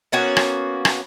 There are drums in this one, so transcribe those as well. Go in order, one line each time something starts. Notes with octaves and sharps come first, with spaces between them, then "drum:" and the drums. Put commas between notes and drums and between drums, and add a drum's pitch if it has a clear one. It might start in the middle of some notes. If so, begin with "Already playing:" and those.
A#3 B3 C#4 F#4
drum: rim click
drum: rim click